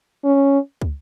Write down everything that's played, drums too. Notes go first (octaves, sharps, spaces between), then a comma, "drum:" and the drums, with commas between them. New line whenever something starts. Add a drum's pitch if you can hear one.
C#4
drum: kick